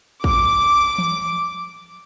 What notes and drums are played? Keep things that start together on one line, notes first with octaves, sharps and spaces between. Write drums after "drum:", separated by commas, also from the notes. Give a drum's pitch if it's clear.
D6, drum: kick
drum: tom E3